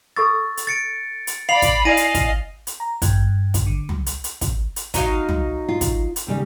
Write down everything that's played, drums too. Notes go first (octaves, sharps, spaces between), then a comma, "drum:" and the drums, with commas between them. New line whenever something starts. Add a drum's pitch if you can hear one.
A4 C#6 E6 A6
drum: hi-hat
A6 C#7 D7
drum: hi-hat
D5 F5 B5 C7 F7 F#7
drum: kick, hi-hat
E4 D5 D#5 F5 G#5 A#6 D#7
drum: hi-hat
drum: kick, hi-hat
drum: hi-hat
A#5
G2, drum: kick, hi-hat
drum: kick, hi-hat
D3
drum: tom
drum: hi-hat
drum: hi-hat
drum: kick, hi-hat
drum: hi-hat
F#3 D#4 F5, drum: kick, hi-hat
drum: tom
F4
drum: kick, hi-hat
drum: hi-hat
D#2 C#3 G3